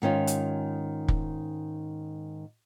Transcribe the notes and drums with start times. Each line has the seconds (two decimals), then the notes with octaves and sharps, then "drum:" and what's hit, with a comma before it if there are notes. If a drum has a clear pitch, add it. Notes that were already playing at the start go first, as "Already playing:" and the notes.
0.02 G#2 D#3 C#4 F4
0.27 drum: hi-hat
1.08 drum: kick